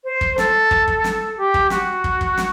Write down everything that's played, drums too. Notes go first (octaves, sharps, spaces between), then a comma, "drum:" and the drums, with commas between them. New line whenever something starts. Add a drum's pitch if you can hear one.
C5
drum: kick
A4, drum: snare
drum: kick
drum: kick
drum: snare
G4
drum: kick
F#4, drum: snare
drum: kick
drum: kick
drum: snare